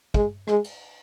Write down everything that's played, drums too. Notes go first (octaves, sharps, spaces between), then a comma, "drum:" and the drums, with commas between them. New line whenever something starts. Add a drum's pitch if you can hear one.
G#3, drum: kick
G#3, drum: rim click
drum: cymbal